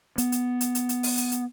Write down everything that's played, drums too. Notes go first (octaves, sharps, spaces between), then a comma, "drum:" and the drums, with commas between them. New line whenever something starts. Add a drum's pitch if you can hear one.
B3, drum: hi-hat
drum: hi-hat
drum: hi-hat
drum: hi-hat
drum: hi-hat
drum: open hi-hat
drum: hi-hat
drum: hi-hat